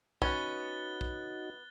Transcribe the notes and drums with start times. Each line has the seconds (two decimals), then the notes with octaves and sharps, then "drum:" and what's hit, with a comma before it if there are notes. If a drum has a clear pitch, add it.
0.22 B3 C#4 D#4 F#4 F#6 A6 G7, drum: kick
1.01 drum: kick